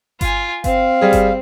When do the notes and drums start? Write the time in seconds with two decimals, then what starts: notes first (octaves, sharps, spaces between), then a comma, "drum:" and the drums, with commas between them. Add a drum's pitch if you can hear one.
0.21 F4 G#5, drum: kick G1, hi-hat
0.64 C4 F5, drum: kick G1, hi-hat
1.01 G3 G#4
1.13 drum: kick G1, hi-hat